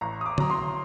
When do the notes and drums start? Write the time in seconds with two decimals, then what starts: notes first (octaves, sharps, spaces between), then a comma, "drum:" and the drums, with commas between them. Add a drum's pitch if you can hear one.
0.01 A1 A#5
0.21 D#6
0.26 D6
0.38 F#3 A#5, drum: tom
0.50 C6